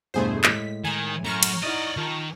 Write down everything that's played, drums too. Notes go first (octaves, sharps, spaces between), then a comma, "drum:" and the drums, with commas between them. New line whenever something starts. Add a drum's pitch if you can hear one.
E2 G2 B2 A3 G#4 C5
A2 G#3 E4 B6, drum: clap
D#3 G#5
F#2 A2 A#5 C#6 F6
drum: cymbal
D#4 E4 D5 D#5 F#5
D#3 F4 A5